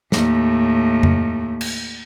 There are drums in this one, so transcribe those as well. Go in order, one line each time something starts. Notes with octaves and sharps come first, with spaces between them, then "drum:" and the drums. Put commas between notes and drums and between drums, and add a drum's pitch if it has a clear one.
D#2 A2, drum: snare
drum: tom F2
drum: cymbal